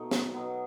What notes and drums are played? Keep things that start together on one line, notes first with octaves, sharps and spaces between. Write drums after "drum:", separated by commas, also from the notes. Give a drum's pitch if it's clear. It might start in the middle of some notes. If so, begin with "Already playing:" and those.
Already playing: B2 A3 D#4
drum: snare
B2 F#3 B3